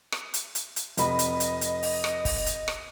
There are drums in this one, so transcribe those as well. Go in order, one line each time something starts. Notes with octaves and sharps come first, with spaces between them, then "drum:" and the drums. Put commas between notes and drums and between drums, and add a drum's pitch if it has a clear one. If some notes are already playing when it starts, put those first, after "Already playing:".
drum: rim click
drum: hi-hat
drum: hi-hat
drum: hi-hat
F1 D#5 B5, drum: hi-hat
drum: hi-hat
drum: hi-hat
drum: hi-hat
drum: open hi-hat
drum: rim click
drum: kick, open hi-hat
drum: hi-hat
drum: rim click